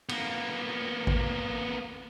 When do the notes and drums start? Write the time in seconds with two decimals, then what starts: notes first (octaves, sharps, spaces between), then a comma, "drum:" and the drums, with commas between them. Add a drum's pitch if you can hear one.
0.09 A#3 B3, drum: cymbal
1.07 drum: kick G#1